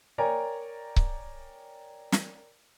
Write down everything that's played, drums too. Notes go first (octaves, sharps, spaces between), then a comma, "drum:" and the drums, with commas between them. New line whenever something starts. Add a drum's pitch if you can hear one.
A#4 C#5 D5 G5 G#5 A#5
drum: kick C#1
drum: snare